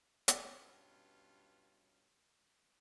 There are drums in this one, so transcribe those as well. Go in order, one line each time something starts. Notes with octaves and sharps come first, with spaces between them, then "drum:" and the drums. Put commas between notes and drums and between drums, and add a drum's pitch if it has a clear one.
G2 B2 C#4 F4, drum: hi-hat